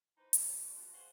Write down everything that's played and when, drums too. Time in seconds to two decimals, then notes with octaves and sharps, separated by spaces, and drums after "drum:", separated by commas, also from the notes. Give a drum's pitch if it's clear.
0.17 E3 D#4 B4 C5
0.33 F3 A3 C#4 E4 F4 G4, drum: hi-hat
0.55 G2 A3 D4
0.75 B2 G#3 F4 F#4
0.92 F#4 G#4 C5 C#5 F5 F#5